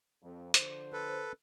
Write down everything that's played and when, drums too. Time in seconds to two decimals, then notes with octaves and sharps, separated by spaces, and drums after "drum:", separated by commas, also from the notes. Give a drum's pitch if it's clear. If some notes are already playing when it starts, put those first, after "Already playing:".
0.23 F2
0.54 D3 F3 C5, drum: hi-hat
0.93 A4 B4